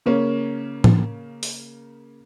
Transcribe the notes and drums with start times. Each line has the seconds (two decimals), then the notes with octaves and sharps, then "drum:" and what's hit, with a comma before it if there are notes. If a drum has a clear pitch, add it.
0.06 C#3 A#3 C#4
0.84 drum: tom
1.43 drum: open hi-hat